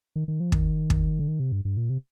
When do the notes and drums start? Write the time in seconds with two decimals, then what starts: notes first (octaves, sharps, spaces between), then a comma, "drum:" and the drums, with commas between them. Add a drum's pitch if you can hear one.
0.16 D#3
0.28 D#3
0.40 F3
0.52 D#3, drum: kick
0.90 drum: kick
1.19 D3
1.28 D#3
1.40 C3
1.52 G2
1.65 G2
1.77 A#2
1.90 C3